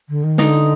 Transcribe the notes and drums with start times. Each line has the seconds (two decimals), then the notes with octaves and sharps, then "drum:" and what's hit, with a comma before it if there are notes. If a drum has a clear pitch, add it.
0.09 D3
0.23 D#3
0.38 D3 D#4, drum: snare
0.53 drum: hi-hat